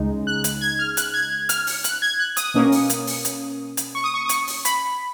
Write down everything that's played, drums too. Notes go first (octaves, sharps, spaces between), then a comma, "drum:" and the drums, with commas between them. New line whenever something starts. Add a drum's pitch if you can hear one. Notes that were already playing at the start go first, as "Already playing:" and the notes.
Already playing: C#2 C#3 G#3 D#4
F#6
drum: hi-hat
G#6
F6
F#6, drum: hi-hat
G#6
F6, drum: hi-hat
drum: open hi-hat
F#6, drum: hi-hat
G#6
F#6
D#6, drum: hi-hat
B2 A#3 C#4
drum: open hi-hat
drum: hi-hat
drum: open hi-hat
drum: hi-hat
drum: hi-hat
C#6
D#6
C#6
D#6
C#6, drum: hi-hat
drum: open hi-hat
B5, drum: hi-hat